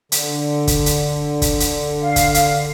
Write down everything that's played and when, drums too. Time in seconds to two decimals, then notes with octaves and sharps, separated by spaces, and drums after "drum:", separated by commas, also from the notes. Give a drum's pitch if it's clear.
0.12 D3, drum: hi-hat
0.67 drum: kick, hi-hat
0.86 drum: hi-hat
1.42 drum: kick, hi-hat
1.60 drum: hi-hat
2.02 F5
2.16 drum: kick, hi-hat
2.34 drum: hi-hat